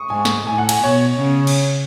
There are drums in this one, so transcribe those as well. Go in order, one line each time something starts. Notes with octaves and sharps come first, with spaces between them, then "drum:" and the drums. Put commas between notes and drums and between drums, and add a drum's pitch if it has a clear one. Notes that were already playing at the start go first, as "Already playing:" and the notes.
Already playing: C#6 D#6
G#2 G#5
drum: snare
A2 G#5
F#5
G#5, drum: cymbal
B2 C#5
C#3
drum: cymbal